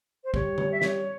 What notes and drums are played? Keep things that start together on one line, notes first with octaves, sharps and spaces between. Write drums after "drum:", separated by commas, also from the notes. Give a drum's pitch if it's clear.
C5
G3 C#5, drum: kick A#1
drum: tom
E5
C#5, drum: snare